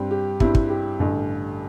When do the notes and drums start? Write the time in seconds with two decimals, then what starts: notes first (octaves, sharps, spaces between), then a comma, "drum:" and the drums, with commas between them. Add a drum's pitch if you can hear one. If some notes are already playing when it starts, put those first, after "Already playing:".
Already playing: G2 G3 C4
0.11 G4
0.40 G2 G3 C4 E4, drum: kick
0.55 drum: kick
0.70 G4
0.99 A1 G2 D3